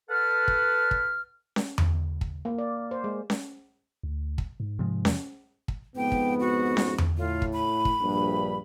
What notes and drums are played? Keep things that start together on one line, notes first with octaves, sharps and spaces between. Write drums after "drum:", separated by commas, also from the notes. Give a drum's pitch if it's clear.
A4 B4 F#5 A5 F6
drum: kick
drum: kick
drum: snare C#4
drum: tom E2
drum: kick
A#3
D5
C5
G#3
drum: snare C#4
D2
drum: kick
G#2
C3 F3 G#3
E2, drum: snare C#4
drum: kick
F2 G#2 B3 G5
drum: kick
F#4
drum: snare C#4
drum: tom E2
A2 F4
drum: kick
B5
drum: kick
A#1 G2